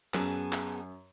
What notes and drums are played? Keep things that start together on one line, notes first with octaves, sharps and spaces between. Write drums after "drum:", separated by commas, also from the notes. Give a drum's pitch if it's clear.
F#2 B3 G#4 A5, drum: clap
drum: clap